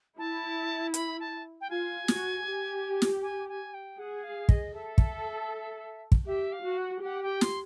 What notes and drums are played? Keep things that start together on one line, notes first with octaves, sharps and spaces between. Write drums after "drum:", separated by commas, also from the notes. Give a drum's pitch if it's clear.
E4 A5
B5, drum: hi-hat
A5
G5
F4 G#5
F#4, drum: snare
G4
drum: snare
G#5
G#5
G5
G#4 F#5
F5
D#5, drum: kick
A4 E5
drum: kick
drum: kick
G4 E5
F5
F#4
F#5
G4 F#5
G5
C6, drum: snare